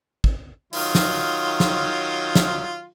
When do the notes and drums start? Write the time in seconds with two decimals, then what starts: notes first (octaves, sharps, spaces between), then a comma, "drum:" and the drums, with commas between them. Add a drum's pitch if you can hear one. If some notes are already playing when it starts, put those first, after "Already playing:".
0.24 drum: kick
0.73 D#3 F#3 F4, drum: open hi-hat
0.95 drum: snare
1.60 drum: snare
2.35 drum: snare